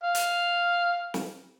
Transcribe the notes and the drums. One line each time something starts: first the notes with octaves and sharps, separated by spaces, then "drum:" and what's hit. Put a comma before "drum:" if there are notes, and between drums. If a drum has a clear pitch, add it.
F5
drum: hi-hat
drum: snare